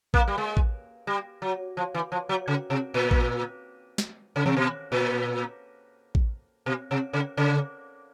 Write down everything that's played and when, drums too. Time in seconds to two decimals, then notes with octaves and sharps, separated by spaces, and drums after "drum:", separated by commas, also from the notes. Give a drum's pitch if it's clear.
0.14 A#3, drum: kick A1
0.28 G3
0.38 G#3
0.57 drum: kick A1
1.07 G3
1.42 F#3
1.77 F3
1.94 E3
2.12 F3
2.29 F#3
2.48 C#3
2.70 C3
2.94 A#2
3.11 drum: kick A1
3.98 drum: snare
4.36 C#3
4.46 C3, drum: tom D#3
4.57 B2
4.92 A#2
6.15 drum: kick A1
6.66 B2
6.91 C3
7.13 C#3
7.37 C#3